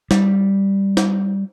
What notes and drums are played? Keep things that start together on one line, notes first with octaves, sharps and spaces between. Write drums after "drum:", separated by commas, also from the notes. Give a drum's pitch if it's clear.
G3, drum: snare
drum: snare